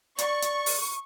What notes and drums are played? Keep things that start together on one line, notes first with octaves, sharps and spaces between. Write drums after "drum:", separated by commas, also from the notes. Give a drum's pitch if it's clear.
D5 C#6, drum: hi-hat
drum: hi-hat
drum: open hi-hat